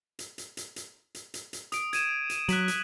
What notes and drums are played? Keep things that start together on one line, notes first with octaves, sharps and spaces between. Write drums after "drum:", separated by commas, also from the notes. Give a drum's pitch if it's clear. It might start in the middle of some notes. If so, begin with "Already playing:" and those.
drum: hi-hat
drum: hi-hat
drum: hi-hat
drum: hi-hat
drum: hi-hat
drum: hi-hat
drum: hi-hat
D#6 D7, drum: hi-hat
G#6 D#7 E7, drum: hi-hat
drum: hi-hat
F#3 F#6 B6 F#7, drum: hi-hat
drum: hi-hat